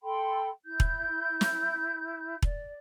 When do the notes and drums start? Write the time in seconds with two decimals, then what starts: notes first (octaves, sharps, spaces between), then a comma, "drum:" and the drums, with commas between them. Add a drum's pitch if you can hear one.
0.02 A4 G5 B5 C6
0.64 E4 G6
0.80 drum: kick E1
1.41 drum: snare
2.43 D5, drum: kick E1